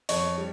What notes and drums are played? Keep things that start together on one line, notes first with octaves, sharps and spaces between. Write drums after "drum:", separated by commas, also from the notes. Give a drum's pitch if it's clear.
F2 C#5, drum: open hi-hat
G3